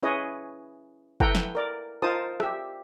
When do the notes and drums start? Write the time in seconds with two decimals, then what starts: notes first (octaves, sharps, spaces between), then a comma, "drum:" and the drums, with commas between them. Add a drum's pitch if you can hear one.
0.03 C#4 E4 G#4 B4 C#5 D#5
1.20 E4 A4 B4 F#5 G5 A#5, drum: kick
1.35 drum: snare
1.55 A#4 D5
2.02 D#4 F4 A#4 C5 A5 D#6
2.40 G4 E5, drum: rim click